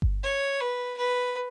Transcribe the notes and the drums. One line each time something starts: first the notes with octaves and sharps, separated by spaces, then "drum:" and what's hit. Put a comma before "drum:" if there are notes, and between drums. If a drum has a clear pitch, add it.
drum: kick G1
C#5
B4
B4